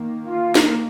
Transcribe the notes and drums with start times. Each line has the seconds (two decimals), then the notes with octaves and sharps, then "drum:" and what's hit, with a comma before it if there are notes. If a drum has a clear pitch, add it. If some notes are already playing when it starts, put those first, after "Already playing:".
Already playing: D#3 A#3
0.24 F4
0.55 A#4, drum: snare